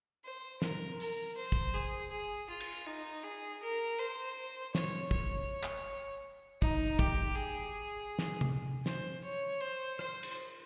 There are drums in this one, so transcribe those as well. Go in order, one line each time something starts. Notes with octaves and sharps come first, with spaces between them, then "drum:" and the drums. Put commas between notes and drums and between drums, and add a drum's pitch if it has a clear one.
C5
A#4, drum: snare
A#4, drum: open hi-hat
C5
drum: kick
G#4
G#4
F4
drum: cymbal
D#4
G#4
A#4
C5
C#5, drum: snare
C#5, drum: kick
drum: clap
D#4, drum: kick
G4, drum: kick
G#4
drum: snare
drum: tom C3
C5, drum: snare
C#5
C5
C5, drum: rim click
drum: cymbal